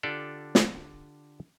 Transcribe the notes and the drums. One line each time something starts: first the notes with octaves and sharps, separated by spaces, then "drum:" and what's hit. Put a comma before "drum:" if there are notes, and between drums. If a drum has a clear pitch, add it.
D3 D4 F4 G4 A4 D5
drum: snare